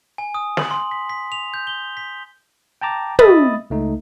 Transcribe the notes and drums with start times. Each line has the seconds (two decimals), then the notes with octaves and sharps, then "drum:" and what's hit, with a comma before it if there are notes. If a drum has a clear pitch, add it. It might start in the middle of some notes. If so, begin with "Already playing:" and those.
0.18 G#5
0.34 D#6
0.57 F#7, drum: snare
0.71 C6
0.91 B6
1.10 B6
1.32 F7
1.54 G6
1.67 G7
1.97 B6
2.81 G5 A5 A#5 D6
3.19 D#5 E5 B5 D#6 A6, drum: tom
3.70 C#2 A3 D#4